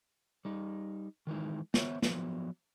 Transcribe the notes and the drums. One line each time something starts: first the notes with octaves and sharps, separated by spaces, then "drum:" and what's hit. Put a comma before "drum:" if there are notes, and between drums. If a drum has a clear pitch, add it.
G3 D#4
D#3 E3 G#3 D#4
B3 C5 C#5 E5, drum: snare
F3 F#3 B3, drum: snare